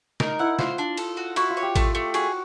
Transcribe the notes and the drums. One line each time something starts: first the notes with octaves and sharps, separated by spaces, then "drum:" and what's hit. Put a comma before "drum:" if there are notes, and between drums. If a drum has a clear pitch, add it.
D#4 A#4, drum: snare
E4 F#5
F4 C5, drum: snare
D4
A4, drum: cymbal
F#4
E4 F#4, drum: cymbal
F4
C#5
G4
A3, drum: kick G#1, cymbal
A3
F#4 G#4, drum: cymbal